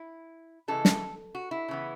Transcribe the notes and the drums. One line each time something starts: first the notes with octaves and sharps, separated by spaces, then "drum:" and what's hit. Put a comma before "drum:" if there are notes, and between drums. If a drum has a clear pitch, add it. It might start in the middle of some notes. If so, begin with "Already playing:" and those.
Already playing: E4
C#3 E3 G#3 A4
drum: snare
F#4
E4
C#3 E3 B3